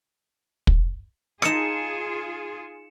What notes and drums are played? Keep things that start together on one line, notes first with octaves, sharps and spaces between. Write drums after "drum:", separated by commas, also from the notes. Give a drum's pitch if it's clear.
drum: kick
D#4 F4 G#4 A4 D#5 C#7 E7, drum: rim click